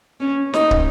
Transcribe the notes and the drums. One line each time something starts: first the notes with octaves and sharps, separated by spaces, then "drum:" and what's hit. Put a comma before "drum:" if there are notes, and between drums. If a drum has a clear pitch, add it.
C#4
D#4, drum: snare
drum: kick